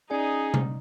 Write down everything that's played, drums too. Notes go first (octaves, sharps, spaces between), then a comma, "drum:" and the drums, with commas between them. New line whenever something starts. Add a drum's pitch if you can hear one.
C#4 D#4 G#4 D5
drum: tom C3